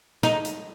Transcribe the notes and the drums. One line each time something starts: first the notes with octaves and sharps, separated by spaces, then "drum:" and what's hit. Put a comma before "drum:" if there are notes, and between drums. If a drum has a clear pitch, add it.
D#4, drum: snare
drum: hi-hat